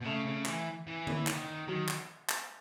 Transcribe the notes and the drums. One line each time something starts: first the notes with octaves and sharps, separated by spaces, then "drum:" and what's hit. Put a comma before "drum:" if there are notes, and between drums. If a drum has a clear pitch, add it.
B2
C#3 A3
C#3
E3, drum: clap
E3
drum: tom
D#3, drum: clap
D#3 F#3
drum: clap
drum: clap